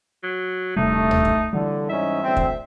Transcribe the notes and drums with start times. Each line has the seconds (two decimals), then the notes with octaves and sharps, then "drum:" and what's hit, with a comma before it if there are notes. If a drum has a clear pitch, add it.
0.23 F#3
0.76 D#1 C3 G3 A3 D#4
1.11 drum: tom D2
1.25 drum: kick
1.53 D3 E3 G3
1.90 G#2 C#4 D#4 E5
2.23 D2 C4
2.37 drum: kick